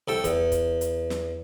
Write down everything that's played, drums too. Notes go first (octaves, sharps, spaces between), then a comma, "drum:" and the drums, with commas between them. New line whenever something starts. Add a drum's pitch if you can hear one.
C2 A4 G5
E2, drum: kick, hi-hat
drum: kick, hi-hat
drum: hi-hat
drum: snare